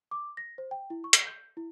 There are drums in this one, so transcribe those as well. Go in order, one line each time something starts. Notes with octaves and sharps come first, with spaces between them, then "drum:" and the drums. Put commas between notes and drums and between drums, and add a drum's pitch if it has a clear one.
D6
A#6
C5
G5
E4
C#6
drum: hi-hat
G6
E4